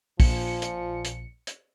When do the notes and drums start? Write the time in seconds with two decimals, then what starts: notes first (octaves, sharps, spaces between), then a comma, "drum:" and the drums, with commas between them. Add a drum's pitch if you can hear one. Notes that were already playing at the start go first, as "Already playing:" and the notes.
0.20 A#1 A#2 F3 C#7, drum: kick, open hi-hat
0.62 drum: hi-hat
1.05 drum: hi-hat
1.47 drum: hi-hat